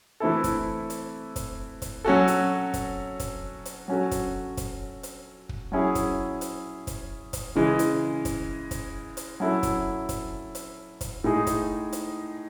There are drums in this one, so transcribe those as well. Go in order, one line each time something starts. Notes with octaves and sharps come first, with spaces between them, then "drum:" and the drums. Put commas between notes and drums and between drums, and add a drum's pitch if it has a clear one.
E3 A3 C4 E4 A4
drum: kick, hi-hat
drum: hi-hat
drum: kick, hi-hat
drum: kick, hi-hat
F#3 C#4 F#4 A4
drum: hi-hat
drum: kick, hi-hat
drum: kick, hi-hat
drum: hi-hat
F#3 C#4 F#4 A4
drum: kick, hi-hat
drum: kick, hi-hat
drum: hi-hat
drum: kick
F#3 C#4 E4 G#4
drum: kick, hi-hat
drum: hi-hat
drum: kick, hi-hat
drum: kick, hi-hat
C#3 E3 G#3
drum: hi-hat
drum: kick, hi-hat
drum: kick, hi-hat
drum: hi-hat
F#3 C#4 E4 A4
drum: kick, hi-hat
drum: kick, hi-hat
drum: hi-hat
drum: kick, hi-hat
A2 G#3 D#4 G#4
drum: kick, hi-hat
drum: hi-hat